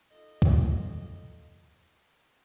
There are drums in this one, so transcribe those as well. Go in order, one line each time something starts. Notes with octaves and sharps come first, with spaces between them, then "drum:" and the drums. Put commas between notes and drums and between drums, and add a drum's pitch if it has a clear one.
D#4 F4 A4 D#5
drum: kick